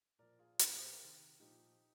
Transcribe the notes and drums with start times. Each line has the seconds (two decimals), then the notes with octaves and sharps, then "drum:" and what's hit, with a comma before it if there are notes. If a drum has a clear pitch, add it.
0.19 A#2 F3 A#4 D5
0.39 F4 G#4
0.59 A#2 F3 G4 A#4, drum: hi-hat
0.73 G#4 C5
0.86 G4 A#4
1.00 C3 D#3
1.40 A#2 F3 D#4 G4